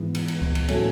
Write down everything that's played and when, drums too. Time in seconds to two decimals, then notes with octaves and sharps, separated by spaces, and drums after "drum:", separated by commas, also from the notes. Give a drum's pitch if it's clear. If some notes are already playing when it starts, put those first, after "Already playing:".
Already playing: G#2 E3 G#3 B3
0.15 drum: cymbal
0.28 drum: cymbal
0.42 drum: kick C#2
0.55 drum: cymbal
0.68 A2 F#3 A3 C#4, drum: cymbal